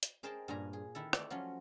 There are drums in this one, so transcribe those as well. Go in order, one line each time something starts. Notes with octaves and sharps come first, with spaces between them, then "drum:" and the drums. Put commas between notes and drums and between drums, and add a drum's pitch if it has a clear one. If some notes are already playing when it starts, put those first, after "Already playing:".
drum: hi-hat
G#4 A#4 C5 D#5 G5 A5
G2 A#2 G#5 A#5
G#4
D#3 E4 A4
A3 D5, drum: rim click
F3 F#3 C#4 F4